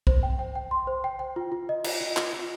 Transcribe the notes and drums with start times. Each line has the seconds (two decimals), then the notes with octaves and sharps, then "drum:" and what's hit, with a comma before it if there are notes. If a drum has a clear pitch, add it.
0.07 C5, drum: kick B1
0.23 G5
0.39 G5
0.56 G5
0.71 C6
0.87 C5
1.04 G5
1.19 G5
1.36 F4
1.52 F4
1.69 D#5
1.84 F4, drum: cymbal
2.01 F4
2.17 F4, drum: clap
2.33 F4